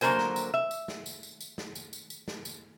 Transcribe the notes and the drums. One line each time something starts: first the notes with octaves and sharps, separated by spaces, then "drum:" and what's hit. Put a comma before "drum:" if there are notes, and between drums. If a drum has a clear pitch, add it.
D3 F#3 A#3 A#4 C5 G#5, drum: tambourine
drum: snare
drum: tambourine
E5
drum: tambourine
drum: snare
drum: tambourine
drum: tambourine
drum: tambourine
drum: snare
drum: tambourine
drum: tambourine
drum: tambourine
drum: snare
drum: tambourine